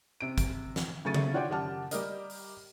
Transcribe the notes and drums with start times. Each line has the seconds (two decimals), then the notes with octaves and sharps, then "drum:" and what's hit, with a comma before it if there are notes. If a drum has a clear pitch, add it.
0.20 C3 D7
0.38 drum: kick, hi-hat
0.76 drum: snare
1.05 C#3 F#3 A3 C#6 A6 D#7
1.14 drum: tom C#3
1.33 D4 F4 F#4 C#5 D5 G5
1.49 F#2 G4 F#5 A5 F6
1.91 G3 G4 A#4 D#5, drum: hi-hat
2.30 drum: open hi-hat